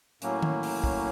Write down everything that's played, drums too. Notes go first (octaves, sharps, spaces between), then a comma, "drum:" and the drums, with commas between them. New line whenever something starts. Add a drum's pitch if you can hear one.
A2 F#3 A#3 C#4, drum: hi-hat
drum: tom D#3
drum: open hi-hat
drum: kick